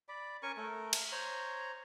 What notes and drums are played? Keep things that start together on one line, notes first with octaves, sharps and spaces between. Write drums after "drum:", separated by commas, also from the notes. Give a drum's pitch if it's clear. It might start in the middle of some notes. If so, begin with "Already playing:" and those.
D5 B5
C#4 A#4 G#5 C#6
A3 A#4
drum: cymbal
C5 C#5 A#5